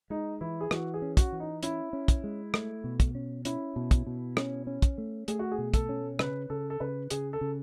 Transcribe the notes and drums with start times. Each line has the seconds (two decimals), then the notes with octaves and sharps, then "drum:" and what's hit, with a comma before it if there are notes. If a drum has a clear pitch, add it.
0.10 G#3 D#4
0.41 E3 E4
0.61 G#4
0.71 E3 F#4, drum: rim click
0.94 G#4
1.02 C#4
1.17 F#4, drum: kick, hi-hat
1.32 E3
1.40 D#4
1.63 C#4 E4, drum: hi-hat
1.93 C#4
2.08 drum: kick, hi-hat
2.24 G#3
2.54 A3, drum: rim click
2.84 B2
3.00 drum: kick, hi-hat
3.15 C#4
3.45 C#4 E4, drum: hi-hat
3.76 B2
3.91 drum: kick, hi-hat
4.07 B2
4.37 C#4, drum: rim click
4.67 C#4
4.82 drum: kick, hi-hat
4.98 A3
5.28 A3 G#4, drum: hi-hat
5.39 F#4
5.52 G#4
5.58 B2
5.74 A4, drum: kick, hi-hat
5.89 C#4
6.19 C#3 B4, drum: rim click
6.50 C#3 A4
6.70 A4
6.80 C#3 B4
7.10 C#3 G#4, drum: hi-hat
7.33 A4
7.41 C#3